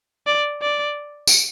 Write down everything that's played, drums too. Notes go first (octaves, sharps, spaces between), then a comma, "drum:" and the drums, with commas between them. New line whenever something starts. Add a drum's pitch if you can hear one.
D5
D5
drum: tambourine